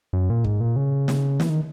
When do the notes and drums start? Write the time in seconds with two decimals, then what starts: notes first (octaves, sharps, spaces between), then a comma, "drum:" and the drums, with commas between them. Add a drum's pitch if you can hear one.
0.13 F#2
0.30 A#2
0.44 G#2, drum: kick
0.61 A#2
0.76 C#3
1.08 drum: snare
1.40 E3, drum: snare
1.50 D#3